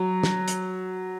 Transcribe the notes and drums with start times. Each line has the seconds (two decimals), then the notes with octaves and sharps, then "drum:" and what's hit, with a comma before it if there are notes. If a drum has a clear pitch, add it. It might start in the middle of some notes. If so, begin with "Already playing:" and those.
Already playing: F#3
0.23 drum: snare
0.48 drum: hi-hat